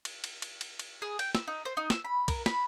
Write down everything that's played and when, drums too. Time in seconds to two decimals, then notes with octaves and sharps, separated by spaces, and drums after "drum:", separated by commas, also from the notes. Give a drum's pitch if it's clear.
0.05 drum: cymbal
0.24 drum: cymbal
0.42 drum: cymbal
0.61 drum: cymbal
0.79 drum: cymbal
1.02 G#4
1.19 G5, drum: cymbal
1.35 E6, drum: snare
1.47 D#4
1.65 C5
1.77 D#4
1.90 E6, drum: snare
2.04 B5
2.28 A#4, drum: kick B1, cymbal
2.46 B5, drum: snare